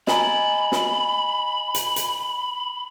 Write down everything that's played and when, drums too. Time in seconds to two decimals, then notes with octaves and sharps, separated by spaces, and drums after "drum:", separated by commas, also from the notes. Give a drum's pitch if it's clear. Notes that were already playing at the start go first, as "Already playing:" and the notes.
0.07 D#5 G#5 A#5 B5, drum: snare
0.72 drum: snare
1.74 drum: hi-hat
1.96 drum: hi-hat